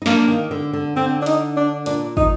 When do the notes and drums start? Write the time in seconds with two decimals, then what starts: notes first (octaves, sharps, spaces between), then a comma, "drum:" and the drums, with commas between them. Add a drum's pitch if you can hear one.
0.02 D#4
0.06 A#3 D4, drum: snare
0.28 D#3
0.51 D3
0.73 D3
0.96 D3 C4
1.22 D4
1.26 D#4, drum: hi-hat
1.57 D4
1.86 A#2 D4, drum: hi-hat
2.17 D#4, drum: kick